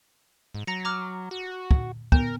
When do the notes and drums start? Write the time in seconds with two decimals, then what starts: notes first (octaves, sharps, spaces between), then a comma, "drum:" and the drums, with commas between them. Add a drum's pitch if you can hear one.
0.54 G#2
0.67 F#3 A#5 A#6 C#7
0.85 A#5 D6 F6
1.31 F#4
1.71 drum: kick
2.12 B3 A#4, drum: kick